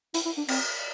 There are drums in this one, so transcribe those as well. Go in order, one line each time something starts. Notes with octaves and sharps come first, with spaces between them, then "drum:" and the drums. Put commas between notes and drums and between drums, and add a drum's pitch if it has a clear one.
E4, drum: hi-hat
E4
D4
C4, drum: cymbal